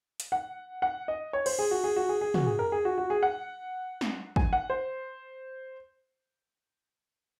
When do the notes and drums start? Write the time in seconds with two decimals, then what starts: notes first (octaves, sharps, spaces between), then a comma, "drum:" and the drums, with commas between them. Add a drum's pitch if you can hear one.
0.20 drum: hi-hat
0.32 F#5
0.82 F#5
1.08 D#5
1.33 C#5
1.46 C5, drum: cymbal
1.59 G#4
1.71 F#4
1.84 G#4
1.96 F#4
2.09 G#4
2.21 G#4
2.34 F#4, drum: tom
2.47 G#4
2.59 A#4
2.72 G#4
2.85 F#4
2.98 F#4
3.10 G#4
3.23 F#5
4.01 drum: snare
4.36 G#5, drum: kick
4.53 F#5
4.70 C5